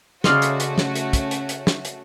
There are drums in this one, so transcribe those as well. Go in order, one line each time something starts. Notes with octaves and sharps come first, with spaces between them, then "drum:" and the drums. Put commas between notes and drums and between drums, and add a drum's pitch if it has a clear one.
C#3 A3 C#4 F#4 D5 D#5 F5 C6, drum: snare
drum: hi-hat
drum: hi-hat
drum: snare
drum: hi-hat
drum: kick, hi-hat
drum: hi-hat
drum: hi-hat
drum: snare
drum: hi-hat